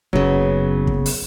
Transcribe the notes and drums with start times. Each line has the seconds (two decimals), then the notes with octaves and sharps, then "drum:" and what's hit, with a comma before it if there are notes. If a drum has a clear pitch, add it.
0.13 F#1 C#3 F#3 B3
0.87 drum: kick
1.06 drum: open hi-hat